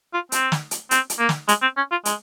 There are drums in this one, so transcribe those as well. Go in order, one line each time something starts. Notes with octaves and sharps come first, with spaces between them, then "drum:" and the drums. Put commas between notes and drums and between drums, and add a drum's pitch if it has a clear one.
F4
C4, drum: hi-hat
drum: snare
drum: hi-hat
C4, drum: hi-hat
drum: hi-hat
A#3
drum: snare
G#3, drum: hi-hat
C4
C#4
F4
G#3, drum: hi-hat